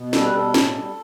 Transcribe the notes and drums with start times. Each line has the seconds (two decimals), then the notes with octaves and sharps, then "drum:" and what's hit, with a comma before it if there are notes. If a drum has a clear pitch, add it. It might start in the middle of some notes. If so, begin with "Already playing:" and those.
Already playing: B2
0.13 G3 A4, drum: snare
0.24 B4
0.34 B2 A4
0.54 A2, drum: snare
0.76 G3